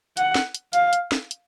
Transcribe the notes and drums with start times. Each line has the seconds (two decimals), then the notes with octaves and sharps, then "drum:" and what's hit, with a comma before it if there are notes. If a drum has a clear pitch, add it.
0.17 F#5, drum: hi-hat
0.35 drum: snare
0.55 drum: hi-hat
0.73 F5, drum: hi-hat
0.93 drum: hi-hat
1.12 drum: snare
1.31 drum: hi-hat